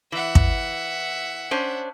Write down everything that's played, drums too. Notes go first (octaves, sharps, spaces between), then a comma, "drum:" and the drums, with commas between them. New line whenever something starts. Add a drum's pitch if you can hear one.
E3 E5 F#5
drum: kick
C#4 D4 C5